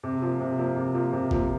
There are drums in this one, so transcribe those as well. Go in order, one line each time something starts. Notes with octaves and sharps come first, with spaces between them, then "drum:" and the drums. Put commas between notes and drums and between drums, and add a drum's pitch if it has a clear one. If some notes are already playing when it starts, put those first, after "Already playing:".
C3
F3 A#3
C3
F3 A#3
C3
F3 A#3
C3
F3 A#3, drum: kick